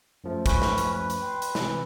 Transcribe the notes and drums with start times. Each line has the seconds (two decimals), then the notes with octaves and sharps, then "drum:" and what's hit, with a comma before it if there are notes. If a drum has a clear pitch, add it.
0.24 F#2 F3 A3
0.46 C#4 B4, drum: kick, hi-hat
0.62 drum: snare
0.78 drum: hi-hat
0.95 B4
1.10 drum: hi-hat
1.22 G5 C6
1.42 drum: hi-hat
1.55 C3 E3, drum: snare